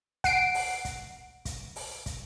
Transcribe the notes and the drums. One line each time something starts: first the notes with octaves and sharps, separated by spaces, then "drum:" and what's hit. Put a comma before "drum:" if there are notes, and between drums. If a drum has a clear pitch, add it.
F#5 C7 D7, drum: kick, hi-hat
drum: open hi-hat
drum: kick, hi-hat
drum: kick, hi-hat
drum: open hi-hat
drum: kick, hi-hat